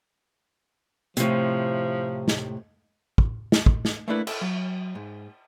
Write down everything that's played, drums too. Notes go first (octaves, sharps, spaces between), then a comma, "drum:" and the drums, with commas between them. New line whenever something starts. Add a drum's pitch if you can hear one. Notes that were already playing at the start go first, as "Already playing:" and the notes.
A2 C3 F3, drum: hi-hat
drum: snare
drum: kick
drum: snare
drum: kick
drum: snare
A3 A#3 D4 E4 F#4 B4
A4, drum: cymbal
F#3
G#2